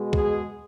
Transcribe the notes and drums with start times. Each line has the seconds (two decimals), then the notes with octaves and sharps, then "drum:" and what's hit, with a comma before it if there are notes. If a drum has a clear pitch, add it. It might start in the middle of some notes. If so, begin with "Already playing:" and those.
Already playing: B2 G#3
0.13 G#4, drum: kick